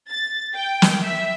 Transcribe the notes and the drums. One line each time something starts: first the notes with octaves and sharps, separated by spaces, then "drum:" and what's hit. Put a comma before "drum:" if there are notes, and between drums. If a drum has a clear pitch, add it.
A6
G5
drum: snare
E5